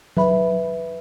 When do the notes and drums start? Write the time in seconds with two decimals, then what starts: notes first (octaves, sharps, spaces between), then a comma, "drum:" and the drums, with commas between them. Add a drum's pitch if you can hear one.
0.17 B4 E5 B5, drum: tom F#3